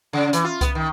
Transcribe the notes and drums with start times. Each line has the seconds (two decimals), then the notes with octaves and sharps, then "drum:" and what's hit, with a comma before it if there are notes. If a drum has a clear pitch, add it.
0.13 C#3
0.33 E3, drum: hi-hat
0.44 F4
0.61 B3, drum: kick C2, hi-hat
0.75 D#3